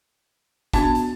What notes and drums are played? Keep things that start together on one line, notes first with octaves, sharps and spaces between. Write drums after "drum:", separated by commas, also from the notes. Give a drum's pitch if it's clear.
B3 D4 F#4 A5, drum: kick, hi-hat
drum: hi-hat